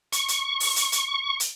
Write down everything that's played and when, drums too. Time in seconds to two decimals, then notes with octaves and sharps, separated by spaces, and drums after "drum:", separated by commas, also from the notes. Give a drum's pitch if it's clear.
0.12 C#6, drum: hi-hat
0.28 drum: hi-hat
0.60 drum: open hi-hat
0.76 drum: hi-hat
0.92 drum: hi-hat
1.40 drum: hi-hat